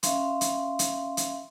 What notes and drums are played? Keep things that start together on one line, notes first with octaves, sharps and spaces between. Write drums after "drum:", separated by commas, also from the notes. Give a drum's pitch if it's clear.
C#4 E5 F5 C6, drum: hi-hat
drum: hi-hat
drum: hi-hat
drum: hi-hat